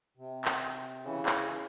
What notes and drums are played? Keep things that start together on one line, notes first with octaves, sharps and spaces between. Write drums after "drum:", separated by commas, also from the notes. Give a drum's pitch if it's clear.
C3
drum: clap
C#3 E3
drum: clap